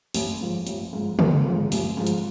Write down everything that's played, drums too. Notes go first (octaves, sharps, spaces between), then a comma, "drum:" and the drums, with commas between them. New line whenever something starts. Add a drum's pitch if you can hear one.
A1, drum: open hi-hat
G#2 F3
A1, drum: hi-hat
G#2 F3
A1, drum: tom C#3
G#2 F3
A1, drum: open hi-hat
G#2 F3
drum: hi-hat